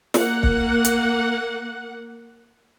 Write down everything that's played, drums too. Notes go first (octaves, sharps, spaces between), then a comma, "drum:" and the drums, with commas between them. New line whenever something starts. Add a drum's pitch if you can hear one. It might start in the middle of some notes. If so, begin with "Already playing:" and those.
A#3 F#5, drum: snare
drum: kick
drum: hi-hat